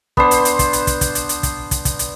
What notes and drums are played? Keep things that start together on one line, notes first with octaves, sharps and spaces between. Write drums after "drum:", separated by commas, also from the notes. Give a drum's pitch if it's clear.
B3 D4 C5, drum: kick
drum: hi-hat
drum: hi-hat
drum: kick, hi-hat
drum: hi-hat
drum: kick, hi-hat
drum: kick, hi-hat
drum: hi-hat
drum: hi-hat
drum: kick, hi-hat
drum: kick, hi-hat
drum: kick, hi-hat
drum: hi-hat